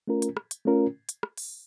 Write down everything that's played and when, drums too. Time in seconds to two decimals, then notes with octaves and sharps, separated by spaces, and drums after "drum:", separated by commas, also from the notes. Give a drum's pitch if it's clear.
0.07 A3 C#4 F4 A#4
0.22 drum: hi-hat
0.37 drum: rim click
0.51 drum: hi-hat
0.65 A3 C#4 F4 A#4
1.09 drum: hi-hat
1.23 drum: rim click
1.38 drum: open hi-hat